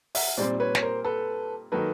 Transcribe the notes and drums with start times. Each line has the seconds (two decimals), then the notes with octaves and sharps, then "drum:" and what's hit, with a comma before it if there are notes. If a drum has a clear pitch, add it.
0.15 E5 F#5, drum: open hi-hat
0.37 A#2 G3 C4 C5 D5
0.60 B4 C#5
0.75 C#5, drum: snare
0.82 A#4 C5
1.05 A4 B4
1.72 D#3 F#3 A#3 A4 B4